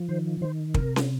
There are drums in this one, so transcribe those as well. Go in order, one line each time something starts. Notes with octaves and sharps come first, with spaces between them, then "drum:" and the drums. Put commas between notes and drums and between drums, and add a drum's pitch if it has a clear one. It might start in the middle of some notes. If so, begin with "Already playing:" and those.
Already playing: F3
D#3 C5
D#3 C5
C3 A#4, drum: kick
drum: snare C#4